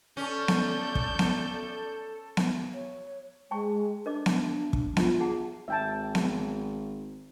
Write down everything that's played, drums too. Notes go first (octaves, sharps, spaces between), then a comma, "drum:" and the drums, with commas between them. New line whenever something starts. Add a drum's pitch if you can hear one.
C#4 A4 D5 G6
drum: snare B3
drum: kick
drum: snare B3
drum: snare B3
C#5
G#3 G5 A5 C#6
D4 A#4 D#5 D6
drum: snare B3
drum: kick
F4 D#5, drum: snare B3
G#4 F#5 A5
G#1 E5 G5 A5
drum: snare B3